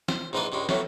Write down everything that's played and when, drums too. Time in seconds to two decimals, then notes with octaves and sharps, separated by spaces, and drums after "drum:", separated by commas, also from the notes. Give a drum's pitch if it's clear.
0.08 C5, drum: snare
0.33 A#1 G#2 E3 A#3 F4 B4
0.52 C#2 G2 C#3 G#3
0.69 A2 E3 F#3 A3, drum: snare